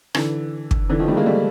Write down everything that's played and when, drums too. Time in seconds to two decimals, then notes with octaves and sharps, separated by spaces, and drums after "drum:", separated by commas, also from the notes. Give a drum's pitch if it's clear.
0.14 D3 E3, drum: rim click
0.71 drum: kick
0.89 D3 E3
0.99 D#3 F3
1.08 G3 A3
1.17 G#3 A#3
1.26 G3 A3